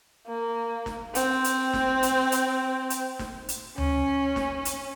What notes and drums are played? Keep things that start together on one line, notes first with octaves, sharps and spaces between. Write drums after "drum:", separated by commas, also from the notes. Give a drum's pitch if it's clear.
A#3
drum: snare
C4, drum: hi-hat
drum: hi-hat
drum: snare
drum: hi-hat
drum: hi-hat
drum: hi-hat
drum: snare
drum: hi-hat
C#4, drum: tom D2
drum: snare
drum: hi-hat